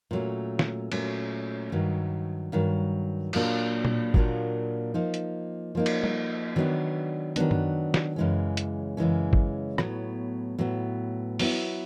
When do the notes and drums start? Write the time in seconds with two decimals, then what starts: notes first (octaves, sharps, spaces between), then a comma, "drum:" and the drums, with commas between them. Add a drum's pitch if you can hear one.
0.11 A#2 F#3 A3 C#4
0.59 drum: snare
0.92 A#2 F#3 A3 C#4, drum: cymbal
1.72 G2 D#3 F#3
2.52 G2 D#3 F#3
3.33 A#2 F#3 A#3 D4 F4, drum: cymbal
3.85 drum: tom A#2
4.14 A#2 F#3 A#3 D4 F4, drum: kick
4.94 F3 A#3 D#4
5.14 drum: hi-hat
5.75 F3 A#3 D#4
5.86 drum: cymbal
6.04 drum: tom G3
6.56 D#3 F#3 B3 D4
7.36 D#3 F#3 B3 D4, drum: hi-hat
7.51 drum: tom F#2
7.94 drum: snare
8.16 F#2 C#3 E3 G#3 C#4
8.57 drum: hi-hat
8.97 F#2 C#3 E3 G#3 C#4
9.33 drum: kick
9.78 A2 F#3 B3, drum: rim click
10.58 A2 F#3 B3
11.39 F#3 B3 E4, drum: open hi-hat